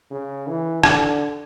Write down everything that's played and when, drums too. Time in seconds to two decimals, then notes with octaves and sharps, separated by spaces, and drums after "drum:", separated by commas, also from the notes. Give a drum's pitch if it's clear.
0.11 C#3
0.47 E3
0.83 D3, drum: rim click